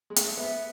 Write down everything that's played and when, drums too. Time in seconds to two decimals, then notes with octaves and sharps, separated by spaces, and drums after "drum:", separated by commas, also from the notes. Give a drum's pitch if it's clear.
0.10 G#3
0.16 A3, drum: hi-hat
0.37 B3 E5